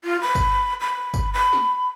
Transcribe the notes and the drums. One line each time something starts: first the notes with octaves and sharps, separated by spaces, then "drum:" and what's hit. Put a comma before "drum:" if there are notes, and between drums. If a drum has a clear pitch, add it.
F4
B5
drum: kick, tambourine
B5
drum: kick, tambourine
B5
drum: snare